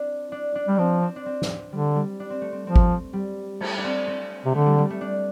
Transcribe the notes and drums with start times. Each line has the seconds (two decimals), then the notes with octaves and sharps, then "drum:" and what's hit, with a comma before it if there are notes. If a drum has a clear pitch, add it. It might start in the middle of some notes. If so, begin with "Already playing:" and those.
Already playing: C4 D4
0.32 D4
0.55 D4
0.68 G3
0.78 F3 C4
1.02 C4
1.16 D4
1.26 C4
1.42 drum: snare
1.72 D3 G3
1.96 G3
2.20 D4
2.30 C4
2.41 A3
2.52 C4
2.66 F3 C4
2.76 drum: kick G#1
3.13 G3
3.61 A3, drum: cymbal
3.78 D4
3.84 C4
4.07 C4
4.46 C3
4.54 D3 A3
4.66 G3
4.78 G3
4.90 A3
5.01 D4